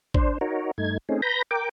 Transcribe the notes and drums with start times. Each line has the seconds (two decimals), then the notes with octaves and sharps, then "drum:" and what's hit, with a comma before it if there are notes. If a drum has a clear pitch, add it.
0.14 D4 C5, drum: kick
0.41 D#4 F#4 A#4 C#5
0.78 G2 A3 D#4 G#6
1.09 A3 C4 C#4 D#4 G#4
1.22 B4 A#5 B5 G6 A#6
1.51 A#4 G5 D6